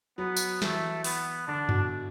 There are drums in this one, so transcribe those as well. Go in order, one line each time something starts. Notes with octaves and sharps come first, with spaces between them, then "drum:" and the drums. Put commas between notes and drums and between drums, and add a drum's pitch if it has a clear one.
F#3 B3
drum: tambourine
E3 A3, drum: snare
B3, drum: open hi-hat
D3 D4
B2, drum: tom F#2